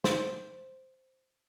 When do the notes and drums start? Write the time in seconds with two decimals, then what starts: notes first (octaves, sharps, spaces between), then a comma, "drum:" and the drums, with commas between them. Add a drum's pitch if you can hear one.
0.04 C5, drum: snare